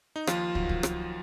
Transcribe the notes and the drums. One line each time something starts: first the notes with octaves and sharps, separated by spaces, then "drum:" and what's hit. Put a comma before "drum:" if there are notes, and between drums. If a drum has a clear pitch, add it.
D#4
D#2 F3 F4, drum: rim click
D#3 F#3, drum: kick
drum: kick
drum: rim click